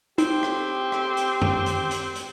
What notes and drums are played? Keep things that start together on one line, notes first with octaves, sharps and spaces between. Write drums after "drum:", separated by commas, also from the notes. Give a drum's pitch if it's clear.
C4 D#4 G4, drum: hi-hat
drum: rim click
drum: rim click
drum: hi-hat
drum: tom F#2
drum: hi-hat
drum: hi-hat
drum: hi-hat